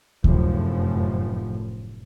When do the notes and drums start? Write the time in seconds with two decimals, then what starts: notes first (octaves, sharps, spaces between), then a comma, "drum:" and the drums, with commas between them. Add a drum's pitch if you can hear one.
0.24 F1 F#2 A2 F3, drum: kick D2